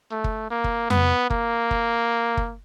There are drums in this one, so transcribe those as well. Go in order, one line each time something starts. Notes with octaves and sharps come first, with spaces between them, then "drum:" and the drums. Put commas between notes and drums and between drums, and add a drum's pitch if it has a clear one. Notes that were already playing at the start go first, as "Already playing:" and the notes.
A3
drum: kick
A#3
drum: kick
B3, drum: tom F2
A#3, drum: kick
drum: kick
drum: kick